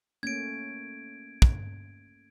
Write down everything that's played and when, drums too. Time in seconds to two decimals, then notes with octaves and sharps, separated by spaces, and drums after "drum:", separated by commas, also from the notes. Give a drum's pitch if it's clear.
0.23 A3 A#3 C#4 G#6 D7
1.42 drum: kick